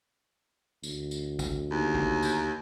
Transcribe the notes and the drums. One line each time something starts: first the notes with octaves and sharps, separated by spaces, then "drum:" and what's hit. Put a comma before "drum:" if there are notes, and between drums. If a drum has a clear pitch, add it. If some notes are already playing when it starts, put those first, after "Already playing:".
D2, drum: tambourine
drum: tambourine
drum: kick A1, tambourine
D#2
drum: kick A1
drum: tambourine